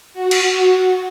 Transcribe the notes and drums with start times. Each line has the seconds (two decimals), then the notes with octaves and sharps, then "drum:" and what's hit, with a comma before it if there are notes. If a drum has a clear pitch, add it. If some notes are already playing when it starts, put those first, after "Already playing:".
0.13 F#4
0.31 drum: cymbal